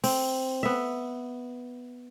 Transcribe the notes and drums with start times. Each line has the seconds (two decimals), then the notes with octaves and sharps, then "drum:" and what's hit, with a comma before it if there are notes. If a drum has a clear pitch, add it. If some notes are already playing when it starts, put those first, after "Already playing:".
0.04 C4, drum: open hi-hat
0.63 B3 E5